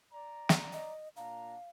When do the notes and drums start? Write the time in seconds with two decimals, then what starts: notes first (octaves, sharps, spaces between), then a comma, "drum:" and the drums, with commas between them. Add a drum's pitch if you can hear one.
0.13 D5 A#5
0.49 drum: snare
0.73 D#5
1.17 A#2 D4 F5 A#5